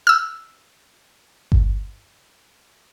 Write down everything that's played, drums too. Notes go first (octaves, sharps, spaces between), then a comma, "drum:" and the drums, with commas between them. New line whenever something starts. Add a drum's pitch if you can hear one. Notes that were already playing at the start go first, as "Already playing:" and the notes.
E6 F6
drum: kick G1